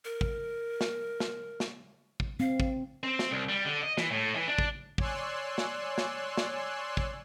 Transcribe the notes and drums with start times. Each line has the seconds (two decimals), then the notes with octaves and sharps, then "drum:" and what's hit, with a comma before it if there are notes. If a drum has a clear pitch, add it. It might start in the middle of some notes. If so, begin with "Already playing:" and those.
0.05 A#4
0.21 drum: kick
0.81 drum: snare
1.20 drum: snare
1.60 drum: snare
2.20 drum: kick
2.40 C4 F5
2.60 drum: kick
3.03 C4
3.19 drum: snare
3.31 C2
3.49 G3
3.65 D3
3.83 D#5
3.98 E3, drum: snare
4.11 A2
4.35 E3
4.48 D4
4.58 drum: kick
4.98 C#5 D5 G#5 C6 E6 F#6, drum: kick
5.58 drum: snare
5.98 drum: snare
6.37 drum: snare
6.97 drum: kick